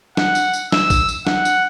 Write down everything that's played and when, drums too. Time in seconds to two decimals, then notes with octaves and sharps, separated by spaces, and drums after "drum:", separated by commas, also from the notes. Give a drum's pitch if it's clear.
0.17 F#5, drum: snare
0.35 drum: tambourine
0.53 drum: tambourine
0.72 E6, drum: snare
0.90 drum: kick, tambourine
1.09 drum: tambourine
1.27 F#5, drum: snare
1.45 drum: tambourine